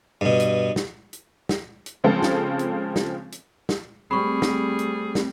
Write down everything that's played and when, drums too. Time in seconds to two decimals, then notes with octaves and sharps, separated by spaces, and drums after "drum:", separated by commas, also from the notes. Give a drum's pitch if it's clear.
0.21 G2 B2
0.40 drum: hi-hat
0.76 drum: snare
1.13 drum: hi-hat
1.49 drum: snare
1.86 drum: hi-hat
2.04 C#3 F3 G#3 C4 F4 A4
2.23 drum: snare
2.59 drum: hi-hat
2.96 drum: snare
3.32 drum: hi-hat
3.69 drum: snare
4.11 G3 A3 C4 G#4 B5 C#6
4.42 drum: snare
4.79 drum: hi-hat
5.15 drum: snare